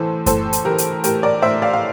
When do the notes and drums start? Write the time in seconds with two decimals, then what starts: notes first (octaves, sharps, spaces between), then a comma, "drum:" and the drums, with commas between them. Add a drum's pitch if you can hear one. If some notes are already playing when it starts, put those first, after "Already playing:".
Already playing: A2 E3 A4 C5
0.26 A2 A4 C5, drum: kick F#2, hi-hat
0.53 drum: hi-hat
0.65 E3 G4 A#4
0.78 drum: hi-hat
1.04 A2 G4 A#4, drum: hi-hat
1.23 A#4 D5
1.42 A2 C5 E5
1.62 D5 F5
1.73 F5